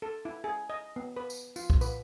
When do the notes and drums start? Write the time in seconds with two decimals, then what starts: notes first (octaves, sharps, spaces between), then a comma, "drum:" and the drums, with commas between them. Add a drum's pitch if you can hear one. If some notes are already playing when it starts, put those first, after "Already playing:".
0.02 A4
0.25 E4
0.44 G#4
0.70 D#5
0.96 B3
1.17 B4
1.30 drum: tambourine
1.56 F4, drum: tambourine
1.70 drum: kick B1
1.81 B4, drum: tambourine